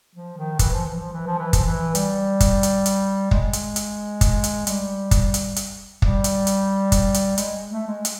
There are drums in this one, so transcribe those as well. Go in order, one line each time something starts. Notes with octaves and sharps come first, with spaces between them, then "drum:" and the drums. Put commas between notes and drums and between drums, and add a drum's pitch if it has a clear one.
F3
D#3
E3, drum: kick, hi-hat
F3
E3
F3
E3
F3
E3
F3, drum: kick, hi-hat
E3
G3, drum: hi-hat
drum: kick, hi-hat
drum: hi-hat
drum: hi-hat
G#3, drum: kick
drum: hi-hat
drum: hi-hat
drum: kick, hi-hat
drum: hi-hat
G3, drum: hi-hat
drum: kick, hi-hat
drum: hi-hat
drum: hi-hat
G3, drum: kick
drum: hi-hat
drum: hi-hat
drum: kick, hi-hat
drum: hi-hat
G#3, drum: hi-hat
A3
G#3
drum: hi-hat